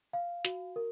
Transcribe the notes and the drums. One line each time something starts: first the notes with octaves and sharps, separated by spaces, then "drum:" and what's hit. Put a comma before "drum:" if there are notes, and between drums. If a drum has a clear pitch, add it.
F5
F#4, drum: hi-hat
A#4